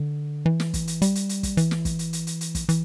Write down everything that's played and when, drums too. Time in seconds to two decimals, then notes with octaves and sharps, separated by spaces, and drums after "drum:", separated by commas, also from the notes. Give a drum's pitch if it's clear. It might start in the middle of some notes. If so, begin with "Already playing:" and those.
Already playing: D3
0.46 E3
0.60 drum: snare
0.74 drum: kick, hi-hat
0.87 drum: hi-hat
1.02 G3, drum: hi-hat
1.15 drum: hi-hat
1.29 drum: hi-hat
1.43 drum: kick, hi-hat
1.57 E3, drum: hi-hat
1.71 drum: snare
1.85 drum: kick, hi-hat
1.99 drum: hi-hat
2.13 drum: hi-hat
2.27 drum: hi-hat
2.41 drum: hi-hat
2.55 drum: kick, hi-hat
2.69 E3, drum: hi-hat